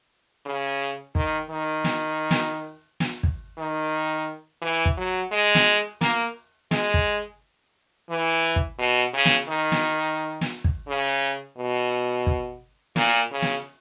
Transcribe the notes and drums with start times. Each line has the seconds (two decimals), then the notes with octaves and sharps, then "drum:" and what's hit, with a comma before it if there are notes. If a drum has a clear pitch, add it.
0.46 C#3
1.15 D#3, drum: kick
1.50 D#3
1.84 drum: snare
2.31 drum: snare
3.00 drum: snare
3.23 drum: kick
3.58 D#3
4.62 E3
4.85 drum: kick
4.97 F#3
5.31 G#3
5.55 drum: snare
6.01 A#3, drum: snare
6.71 G#3, drum: snare
6.94 drum: kick
8.10 E3
8.56 drum: kick
8.79 B2
9.14 C#3
9.25 drum: snare
9.48 D#3
9.72 drum: snare
10.41 drum: snare
10.64 drum: kick
10.88 C#3
11.57 B2
12.27 drum: kick
12.96 A#2, drum: snare
13.31 C#3
13.42 drum: snare